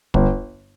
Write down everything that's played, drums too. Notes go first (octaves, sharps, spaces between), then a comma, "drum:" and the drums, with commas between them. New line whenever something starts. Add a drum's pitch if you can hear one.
G1, drum: kick